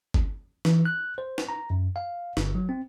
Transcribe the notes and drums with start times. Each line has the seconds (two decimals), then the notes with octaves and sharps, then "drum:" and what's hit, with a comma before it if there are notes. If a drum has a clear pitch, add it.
0.14 drum: kick G1
0.65 E3, drum: snare
0.85 F#6
1.18 C5
1.38 drum: snare
1.49 A#5
1.70 F#2
1.96 F5
2.37 G1, drum: snare
2.55 F#3
2.69 C4